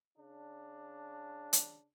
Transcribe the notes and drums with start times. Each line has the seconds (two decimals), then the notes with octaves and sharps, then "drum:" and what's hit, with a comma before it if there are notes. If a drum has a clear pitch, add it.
0.17 C#3 D4
1.53 drum: hi-hat